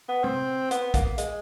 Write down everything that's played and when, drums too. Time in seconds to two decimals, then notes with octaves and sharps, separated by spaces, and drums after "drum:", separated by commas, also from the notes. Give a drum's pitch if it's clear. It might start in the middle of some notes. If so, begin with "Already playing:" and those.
0.09 B3
0.24 C4, drum: tom
0.71 B3, drum: hi-hat
0.94 A#3, drum: kick, hi-hat
1.18 G#3, drum: hi-hat